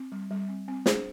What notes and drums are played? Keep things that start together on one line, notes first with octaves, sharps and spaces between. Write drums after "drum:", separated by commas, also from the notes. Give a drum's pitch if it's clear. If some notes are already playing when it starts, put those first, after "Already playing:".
Already playing: C4
G3
G3
C4
C4
D4 G#4 C5, drum: snare